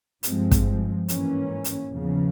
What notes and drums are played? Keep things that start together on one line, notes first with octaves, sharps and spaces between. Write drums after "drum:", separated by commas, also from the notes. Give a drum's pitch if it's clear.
G2 F3 G#3 C4, drum: hi-hat
drum: kick, hi-hat
G#2 E3 A#3 C#4, drum: hi-hat
drum: hi-hat
E2 C#3 F3